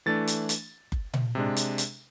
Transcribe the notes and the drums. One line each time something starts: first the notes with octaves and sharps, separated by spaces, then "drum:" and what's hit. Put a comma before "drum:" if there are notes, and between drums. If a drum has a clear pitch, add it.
E3 A3 D4 A6
drum: hi-hat
drum: hi-hat
drum: kick F#1
drum: tom A#2
C3 G#3 D4
drum: hi-hat
drum: hi-hat